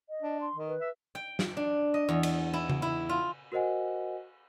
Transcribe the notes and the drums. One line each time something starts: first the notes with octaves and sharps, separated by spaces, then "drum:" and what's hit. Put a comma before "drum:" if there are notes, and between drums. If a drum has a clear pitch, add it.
D#5
D4
C6
D#3
B4
E5
G5
drum: snare
D4
D#5
E2
drum: cymbal
E4
drum: tom C#3
E4
F4
F#4 A#4 C5 D#5 F#5 G#5